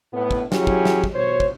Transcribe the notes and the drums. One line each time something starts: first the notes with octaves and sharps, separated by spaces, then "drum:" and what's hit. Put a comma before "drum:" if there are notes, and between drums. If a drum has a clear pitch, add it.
A2 B3
drum: kick
F#3 C#4 E4 G4 G#4, drum: snare
drum: kick
drum: snare
drum: kick
B2 C5 C#5
drum: kick